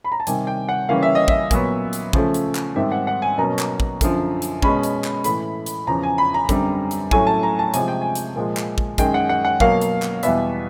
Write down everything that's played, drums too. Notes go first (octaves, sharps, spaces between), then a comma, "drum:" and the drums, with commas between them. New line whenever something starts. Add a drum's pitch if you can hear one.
B5
A#5
A5
C3 D#3 G3 G#5, drum: hi-hat
G5
F#5
C#3 E3 G3 A#3 C#4 F5
E5
D#5
E5, drum: kick
A#2 F#3 B3, drum: kick, hi-hat
drum: hi-hat
C#3 F3 A3, drum: kick
drum: hi-hat
drum: clap
G#2 D#3 G3 C4 E5
F#5
F#5
G#5
B2 F#3 A#3 C#4 A#5
drum: clap
drum: kick
F#2 D3 F3, drum: kick, hi-hat
drum: hi-hat
B2 G#3 C#4 B5, drum: kick
drum: hi-hat
drum: clap
A2 E3 A3 B5, drum: hi-hat
drum: hi-hat
E2 C#3 F3 A#5
G#5
B5
A#5
F#2 D3 G3 C4, drum: kick, hi-hat
drum: hi-hat
A2 F#3 A3 C#4 G#5, drum: kick
A5
A#5
A5
C3 F3 G#3 G#5, drum: hi-hat
G5
G#5
drum: hi-hat
A#2 F3 G#3
drum: clap
drum: kick
F#2 D#3 G#3 G5, drum: kick, hi-hat
F#5
F#5
F#5
B2 F#3 A#3 F5, drum: kick
drum: hi-hat
drum: clap
E2 B2 G3 B3 E5, drum: hi-hat